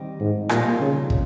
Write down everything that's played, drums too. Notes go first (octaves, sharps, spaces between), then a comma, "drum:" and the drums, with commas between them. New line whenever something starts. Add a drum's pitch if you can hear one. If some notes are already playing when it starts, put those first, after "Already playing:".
Already playing: D#3 G3 C4 D#4 G4
G#2
F2 A#2 D#3 G3 A#3 F4, drum: rim click
C#3
drum: kick